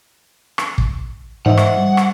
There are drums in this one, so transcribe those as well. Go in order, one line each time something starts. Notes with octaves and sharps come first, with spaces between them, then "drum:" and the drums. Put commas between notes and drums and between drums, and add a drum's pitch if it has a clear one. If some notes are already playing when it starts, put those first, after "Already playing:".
drum: rim click
drum: kick
G#2 E3 C5 D#5 E5 F#5
drum: rim click
G3
drum: rim click